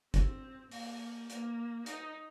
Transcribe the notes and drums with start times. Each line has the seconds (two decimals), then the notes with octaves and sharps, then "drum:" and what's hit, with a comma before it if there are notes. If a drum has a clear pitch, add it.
0.14 C4, drum: kick, hi-hat
0.71 A#3, drum: open hi-hat
1.30 A#3, drum: hi-hat
1.86 D#4, drum: hi-hat